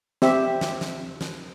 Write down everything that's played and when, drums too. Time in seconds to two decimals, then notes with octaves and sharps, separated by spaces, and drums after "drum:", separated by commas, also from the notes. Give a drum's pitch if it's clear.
0.22 C4 G4 E5, drum: snare
0.61 drum: snare
0.81 drum: snare
1.21 drum: snare